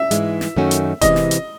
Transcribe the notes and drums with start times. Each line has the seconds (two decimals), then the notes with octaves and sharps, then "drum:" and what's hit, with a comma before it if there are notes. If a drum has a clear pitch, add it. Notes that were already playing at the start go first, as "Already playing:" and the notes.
Already playing: E5
0.11 G#2 E3 G#3, drum: hi-hat
0.41 drum: snare
0.56 F#2 D#3 A3 C#4 F#4
0.71 drum: hi-hat
1.01 C3 E3 G#3 D#5, drum: kick E1, hi-hat
1.16 drum: snare
1.31 drum: hi-hat